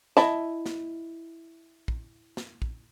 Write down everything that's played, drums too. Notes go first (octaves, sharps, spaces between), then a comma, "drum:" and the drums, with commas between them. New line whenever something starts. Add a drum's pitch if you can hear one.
E4 D#5 A5, drum: snare
drum: snare
drum: kick
drum: snare
drum: kick